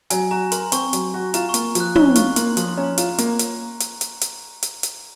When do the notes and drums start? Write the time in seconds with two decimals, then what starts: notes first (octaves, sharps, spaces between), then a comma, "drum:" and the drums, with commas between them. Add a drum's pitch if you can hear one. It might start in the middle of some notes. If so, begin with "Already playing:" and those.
0.10 F#3 G#5, drum: hi-hat
0.31 F#4 A#5
0.52 A#4 C6, drum: hi-hat
0.72 C4 C#6, drum: hi-hat
0.93 F#3, drum: hi-hat
1.14 F#4
1.34 F4 A#5, drum: hi-hat
1.49 C#6
1.54 A#3, drum: hi-hat
1.75 F3, drum: hi-hat
1.80 F#6
1.95 C#4 C#6, drum: tom
2.15 F4 C#6, drum: hi-hat
2.36 A#3 C6, drum: hi-hat
2.57 F3 C6, drum: hi-hat
2.69 C6
2.77 C#4 A#5
2.98 F4 A#5, drum: hi-hat
3.18 A#3, drum: hi-hat
3.39 drum: hi-hat
3.80 drum: hi-hat
4.01 drum: hi-hat
4.21 drum: hi-hat
4.63 drum: hi-hat
4.83 drum: hi-hat